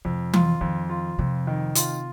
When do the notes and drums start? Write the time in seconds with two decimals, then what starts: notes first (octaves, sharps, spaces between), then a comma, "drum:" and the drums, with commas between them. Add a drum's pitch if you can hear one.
0.05 F2 C3
0.34 F4, drum: tom E3
0.61 F2 D#3
0.89 F4
1.19 F2 C3
1.47 D#3
1.75 F4, drum: hi-hat